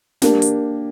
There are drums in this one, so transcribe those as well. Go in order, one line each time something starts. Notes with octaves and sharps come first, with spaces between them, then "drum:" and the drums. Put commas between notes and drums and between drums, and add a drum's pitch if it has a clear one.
A#3 D4 G4, drum: snare
drum: hi-hat